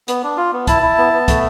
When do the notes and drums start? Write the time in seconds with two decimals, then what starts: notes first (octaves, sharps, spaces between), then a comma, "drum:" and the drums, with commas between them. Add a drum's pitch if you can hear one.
0.08 B3, drum: hi-hat
0.23 D4
0.37 F4
0.53 B3
0.67 E4 A5, drum: kick, hi-hat
0.83 E4
0.98 B3
1.13 B3
1.28 A3, drum: kick, hi-hat